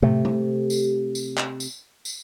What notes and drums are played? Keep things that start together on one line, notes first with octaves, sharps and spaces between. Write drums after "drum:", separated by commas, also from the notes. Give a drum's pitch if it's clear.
C3 A3, drum: tom
drum: tom C3
drum: tambourine
drum: tambourine
drum: clap
drum: tambourine
drum: tambourine